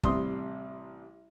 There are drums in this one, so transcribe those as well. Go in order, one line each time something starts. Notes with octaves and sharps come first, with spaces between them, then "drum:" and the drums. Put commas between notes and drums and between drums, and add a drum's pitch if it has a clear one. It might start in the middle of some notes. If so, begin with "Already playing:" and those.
A1 C3 G3 C6 D#6, drum: kick